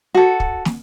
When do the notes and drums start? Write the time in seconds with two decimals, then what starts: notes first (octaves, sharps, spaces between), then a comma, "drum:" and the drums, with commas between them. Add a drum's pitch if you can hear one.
0.14 F#4 A4
0.40 drum: kick
0.65 drum: snare